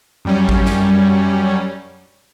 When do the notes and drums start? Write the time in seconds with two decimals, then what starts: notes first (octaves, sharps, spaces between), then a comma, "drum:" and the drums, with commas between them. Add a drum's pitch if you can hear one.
0.25 F#2 G3 C#4
0.49 drum: kick G#1
0.65 drum: snare